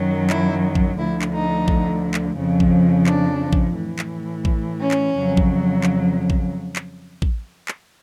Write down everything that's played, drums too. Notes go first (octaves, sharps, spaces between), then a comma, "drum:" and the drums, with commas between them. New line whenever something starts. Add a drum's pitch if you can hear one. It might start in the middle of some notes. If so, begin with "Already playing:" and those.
Already playing: F#2 D#3 F#3
E4, drum: clap
drum: kick
D2 D3 F3 E4
drum: clap
D#4
drum: kick
drum: clap
F2 C#3 F3
drum: kick
D4, drum: clap
drum: kick
A2 E3
drum: clap
drum: kick
C#4
drum: clap
F2 C#3 F#3
drum: kick
drum: clap
drum: kick
drum: clap
drum: kick
drum: clap